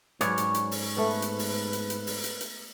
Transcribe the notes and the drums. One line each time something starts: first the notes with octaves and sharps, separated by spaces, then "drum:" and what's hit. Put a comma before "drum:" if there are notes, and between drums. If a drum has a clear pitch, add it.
G#2 F#3 C#4 B4 C#5 D5, drum: hi-hat
drum: hi-hat
drum: hi-hat
drum: open hi-hat
A3 B3 B4
drum: hi-hat
drum: open hi-hat
drum: hi-hat
drum: hi-hat
drum: open hi-hat
drum: hi-hat
drum: hi-hat